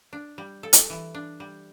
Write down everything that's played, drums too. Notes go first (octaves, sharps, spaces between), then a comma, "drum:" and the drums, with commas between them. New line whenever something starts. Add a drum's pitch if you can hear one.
D4
G3
A4
drum: hi-hat
E3
D4
G3